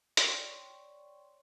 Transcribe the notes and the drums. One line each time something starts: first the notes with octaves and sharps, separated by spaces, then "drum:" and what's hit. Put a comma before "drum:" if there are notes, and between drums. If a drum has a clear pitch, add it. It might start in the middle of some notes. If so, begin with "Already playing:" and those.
C#5 D5 G5 C6 C#6, drum: hi-hat